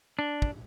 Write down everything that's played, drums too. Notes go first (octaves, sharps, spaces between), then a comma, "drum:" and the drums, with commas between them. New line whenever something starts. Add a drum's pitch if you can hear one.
D4
drum: kick